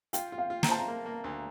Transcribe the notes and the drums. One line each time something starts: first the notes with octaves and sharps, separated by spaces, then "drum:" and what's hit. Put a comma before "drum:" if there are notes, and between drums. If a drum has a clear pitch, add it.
F4 G5, drum: hi-hat
F4
F5
F4
A#5, drum: snare
C5 A5
A#5
A#3
A#3
D2